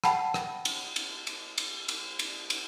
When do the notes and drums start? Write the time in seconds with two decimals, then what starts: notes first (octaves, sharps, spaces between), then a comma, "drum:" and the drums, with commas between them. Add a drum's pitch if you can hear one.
0.04 F#5 G5 A5 B5, drum: rim click
0.34 drum: rim click
0.65 drum: cymbal
0.96 drum: cymbal
1.27 drum: cymbal
1.58 drum: cymbal
1.88 drum: cymbal
2.19 drum: cymbal
2.50 drum: cymbal